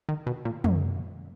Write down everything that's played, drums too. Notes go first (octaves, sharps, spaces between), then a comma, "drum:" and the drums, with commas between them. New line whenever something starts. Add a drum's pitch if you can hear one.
D#3
B2
A#2
F#2, drum: tom